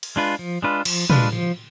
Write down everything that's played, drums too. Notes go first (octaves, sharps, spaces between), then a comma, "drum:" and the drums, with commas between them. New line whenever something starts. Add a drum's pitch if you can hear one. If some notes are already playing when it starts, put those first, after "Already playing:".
drum: cymbal
G#3 D4 F4 B4
F3
G#3 D4 F4 B4
F3, drum: cymbal
G#3 D4 F4 B4, drum: tom
F3